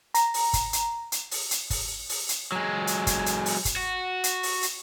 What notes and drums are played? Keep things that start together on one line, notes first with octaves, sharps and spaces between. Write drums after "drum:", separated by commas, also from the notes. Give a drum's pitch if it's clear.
A#5, drum: hi-hat
drum: open hi-hat
drum: kick, hi-hat
drum: hi-hat
drum: hi-hat
drum: open hi-hat
drum: hi-hat
drum: kick, open hi-hat
drum: open hi-hat
drum: hi-hat
F#3 G#3
drum: hi-hat
drum: kick, hi-hat
drum: hi-hat
drum: open hi-hat
drum: kick, hi-hat
F#4
drum: hi-hat
drum: open hi-hat
drum: hi-hat